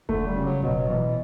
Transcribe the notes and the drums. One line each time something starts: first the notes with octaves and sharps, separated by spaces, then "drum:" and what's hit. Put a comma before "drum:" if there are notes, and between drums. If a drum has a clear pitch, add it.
D3 A3, drum: kick F1
G3
C#3
F#3
B2 F#3, drum: kick F1
B2 E3